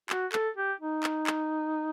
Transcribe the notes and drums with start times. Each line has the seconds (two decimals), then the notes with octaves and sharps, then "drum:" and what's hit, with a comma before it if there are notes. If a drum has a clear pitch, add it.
0.10 F#4, drum: clap
0.32 A4, drum: clap
0.57 G4
0.80 D#4
1.03 drum: clap
1.27 drum: clap